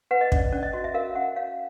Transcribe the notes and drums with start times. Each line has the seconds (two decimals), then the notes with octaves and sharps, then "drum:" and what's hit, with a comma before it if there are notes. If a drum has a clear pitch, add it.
0.11 B4 F#5
0.21 D#5
0.32 C#4 D5, drum: kick
0.53 C#4 D5
0.63 D#5
0.73 F#4 D#5
0.84 E5
0.94 A#4 F5
1.15 C#4 F#5
1.36 C#5 F5